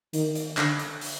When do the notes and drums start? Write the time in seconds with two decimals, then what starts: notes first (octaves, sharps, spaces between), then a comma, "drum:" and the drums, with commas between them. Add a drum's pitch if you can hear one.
0.13 D#3, drum: hi-hat
0.35 drum: hi-hat
0.57 D3, drum: clap
0.79 drum: hi-hat
1.01 drum: open hi-hat